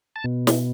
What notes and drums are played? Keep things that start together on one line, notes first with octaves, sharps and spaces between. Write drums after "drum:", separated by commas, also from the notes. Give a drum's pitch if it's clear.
A5
B2
drum: snare